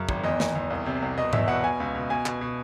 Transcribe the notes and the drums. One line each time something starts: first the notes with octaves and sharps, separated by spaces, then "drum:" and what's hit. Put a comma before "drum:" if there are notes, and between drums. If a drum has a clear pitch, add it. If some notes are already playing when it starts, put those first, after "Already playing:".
Already playing: F#2 C#3
G#1, drum: kick
E2 D#5
E2, drum: snare
E2
C2
C3
C2
B2 D#5
E2 E5, drum: tom G#2
B2 F#5
B2 G#5
C#2
B2
B2 G#5
B2, drum: clap
B2